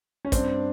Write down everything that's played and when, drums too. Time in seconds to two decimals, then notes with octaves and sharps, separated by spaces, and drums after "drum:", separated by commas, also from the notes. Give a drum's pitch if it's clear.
0.25 C#4
0.32 G2 C4 D4, drum: kick, hi-hat